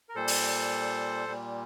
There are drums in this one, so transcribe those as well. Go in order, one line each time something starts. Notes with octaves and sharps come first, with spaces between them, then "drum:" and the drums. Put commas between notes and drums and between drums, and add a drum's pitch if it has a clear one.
A#4
A#2 G3 A4 C5
drum: open hi-hat
A#2 G3